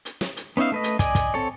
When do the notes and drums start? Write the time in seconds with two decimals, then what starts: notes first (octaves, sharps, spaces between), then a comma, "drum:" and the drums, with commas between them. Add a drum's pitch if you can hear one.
0.05 drum: hi-hat
0.21 drum: snare
0.37 drum: hi-hat
0.57 B3 C#4 D#4 E5 F5
0.72 A3 B4 D#5
0.84 drum: hi-hat
0.99 D5 D#5 G#5, drum: kick, hi-hat
1.15 drum: kick, hi-hat
1.34 C4 A4 C#5